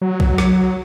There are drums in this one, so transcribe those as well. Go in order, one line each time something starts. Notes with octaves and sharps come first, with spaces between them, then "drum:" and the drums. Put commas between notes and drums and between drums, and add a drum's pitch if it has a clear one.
F#3
drum: kick B1
drum: rim click